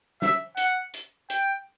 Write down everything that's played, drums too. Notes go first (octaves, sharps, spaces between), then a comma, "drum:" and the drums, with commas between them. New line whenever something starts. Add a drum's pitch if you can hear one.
E5, drum: snare
F#5, drum: hi-hat
drum: hi-hat
G5, drum: hi-hat